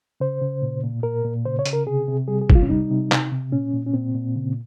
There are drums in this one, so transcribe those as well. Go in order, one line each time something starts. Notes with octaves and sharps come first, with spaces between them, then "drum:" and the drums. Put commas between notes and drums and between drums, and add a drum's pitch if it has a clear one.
C#3 C5
C#3
A#2
A#2
A#2 A#4
A#2
C#3 C5
C#5
C#3, drum: hi-hat
A#4
C3 G#4
C3
G3 G#4
G#4
C3, drum: kick
F4
C#4
G3 D#4
C3
C3, drum: clap
C3
A#2 C#4
A#2
C#4
A#2 C4
A#2
C#3